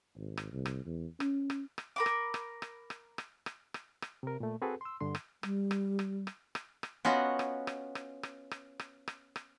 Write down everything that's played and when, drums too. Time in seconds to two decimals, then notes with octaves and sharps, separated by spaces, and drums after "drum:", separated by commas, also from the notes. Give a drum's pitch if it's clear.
0.17 G#1
0.37 drum: rim click
0.52 C2
0.66 drum: rim click
0.85 E2
1.20 C#4, drum: rim click
1.50 drum: rim click
1.78 drum: rim click
1.96 A#4 B5 D6
2.06 drum: rim click
2.34 drum: rim click
2.62 drum: rim click
2.90 drum: rim click
3.18 drum: rim click
3.46 drum: rim click
3.74 drum: rim click
4.02 drum: rim click
4.23 C3 A#4
4.40 A#2 A3
4.62 C4 F#4 G#4 A4 B4
4.81 C6 E6
5.01 G2 D3 C6
5.15 drum: rim click
5.43 G3, drum: rim click
5.71 drum: rim click
5.99 drum: rim click
6.27 drum: rim click
6.55 drum: rim click
6.83 drum: rim click
7.05 B3 C#4 F4 F#4 D#5
7.39 drum: rim click
7.67 drum: rim click
7.95 drum: rim click
8.23 drum: rim click
8.51 drum: rim click
8.79 drum: rim click
9.08 drum: rim click
9.36 drum: rim click